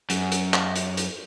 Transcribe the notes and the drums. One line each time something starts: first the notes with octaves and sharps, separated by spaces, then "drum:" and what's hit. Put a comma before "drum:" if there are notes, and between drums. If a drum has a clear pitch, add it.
F#2, drum: hi-hat
drum: hi-hat
drum: clap
drum: hi-hat
drum: hi-hat